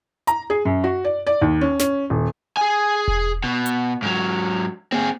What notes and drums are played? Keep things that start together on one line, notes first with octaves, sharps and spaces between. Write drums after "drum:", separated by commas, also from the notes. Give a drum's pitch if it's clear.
A#5, drum: hi-hat
G#4
F#2
F#4
D5
D5
D#2
C#4
C#4, drum: snare
D#1
G#4 G#5
drum: kick E1
B2
drum: hi-hat
G#2 F#3
C4 G#4, drum: tom A#3